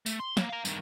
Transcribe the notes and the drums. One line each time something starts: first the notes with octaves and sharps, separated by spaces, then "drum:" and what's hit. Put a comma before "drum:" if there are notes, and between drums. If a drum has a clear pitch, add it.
A3, drum: tambourine
C6
A#3, drum: snare
F5 A#5
G2 D#3, drum: tambourine